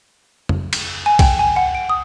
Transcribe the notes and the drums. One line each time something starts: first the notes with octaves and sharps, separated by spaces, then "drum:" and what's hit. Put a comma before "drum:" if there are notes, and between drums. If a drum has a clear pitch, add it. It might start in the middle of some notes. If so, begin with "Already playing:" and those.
drum: tom F2
drum: cymbal
G#5
G5, drum: kick B1, cymbal
G#5
F#5
D7
D#6